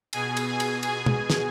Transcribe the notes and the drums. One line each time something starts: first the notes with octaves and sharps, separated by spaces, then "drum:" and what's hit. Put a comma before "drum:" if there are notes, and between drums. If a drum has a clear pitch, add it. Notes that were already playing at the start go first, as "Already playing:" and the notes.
B2 G#4 G#5, drum: cymbal
drum: cymbal
G#4 G#5
drum: cymbal
G#4 G#5, drum: cymbal
drum: tom
drum: snare